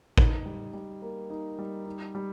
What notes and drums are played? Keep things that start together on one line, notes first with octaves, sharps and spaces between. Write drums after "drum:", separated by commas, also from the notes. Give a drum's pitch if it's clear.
D#4, drum: kick A1
G3
G3
A#3
D#4
G3
D#4
G3